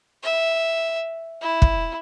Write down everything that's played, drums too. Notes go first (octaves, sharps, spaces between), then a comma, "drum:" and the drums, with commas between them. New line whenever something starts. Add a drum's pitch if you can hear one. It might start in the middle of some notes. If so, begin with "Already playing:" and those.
E5
E4
drum: kick